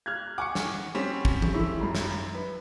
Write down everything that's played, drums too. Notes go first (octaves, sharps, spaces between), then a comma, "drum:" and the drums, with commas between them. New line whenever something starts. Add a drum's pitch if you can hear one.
F6 F#6 G#6
F#5 G#5 C#6 D6 C#7
drum: snare
G3 C4 C#4
drum: kick
drum: tom
E4 A4
F#2 B5
drum: snare
B4